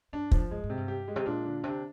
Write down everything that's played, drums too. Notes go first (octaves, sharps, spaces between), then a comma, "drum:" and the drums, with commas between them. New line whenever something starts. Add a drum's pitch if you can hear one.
G2 D4
F3, drum: kick
G2 G#3
G#2
C3
G2
G4
G#3
C3
A#2 D4
D3
C3 D4